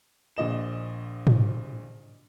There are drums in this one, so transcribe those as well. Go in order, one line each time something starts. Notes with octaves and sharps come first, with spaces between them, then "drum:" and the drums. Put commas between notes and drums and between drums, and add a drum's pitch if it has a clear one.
A#1 A#2 D#5 E7
drum: tom G#2